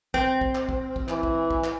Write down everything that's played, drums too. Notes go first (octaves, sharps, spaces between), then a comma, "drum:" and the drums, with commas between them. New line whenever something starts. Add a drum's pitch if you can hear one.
C4, drum: kick
drum: kick
drum: clap
drum: kick
drum: kick
E3, drum: clap
drum: kick
drum: kick
drum: clap